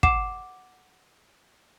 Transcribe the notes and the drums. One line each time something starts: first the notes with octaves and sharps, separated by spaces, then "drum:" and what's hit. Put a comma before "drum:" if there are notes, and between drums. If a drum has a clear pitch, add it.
F#5 D6 C7 E7, drum: kick